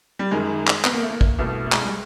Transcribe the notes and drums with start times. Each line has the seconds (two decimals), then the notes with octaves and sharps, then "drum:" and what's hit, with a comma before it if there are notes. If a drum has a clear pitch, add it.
0.19 G3
0.31 F#2 D#3 G#3
0.67 drum: clap
0.85 B3, drum: clap
0.93 A#3
1.02 A3
1.09 A#3
1.21 drum: kick
1.39 C2 B2 A3
1.66 A3
1.72 G#3, drum: clap
1.81 G3
1.87 G#3